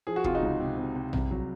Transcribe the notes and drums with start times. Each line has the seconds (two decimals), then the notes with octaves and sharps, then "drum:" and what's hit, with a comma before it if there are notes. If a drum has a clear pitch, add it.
0.07 F3 G#4
0.16 F#4
0.24 C3 F4, drum: kick
0.35 D#4 F#4
0.42 C#2
0.60 C3
0.77 C3
0.95 C3
1.13 C2, drum: tom A#1
1.31 F#3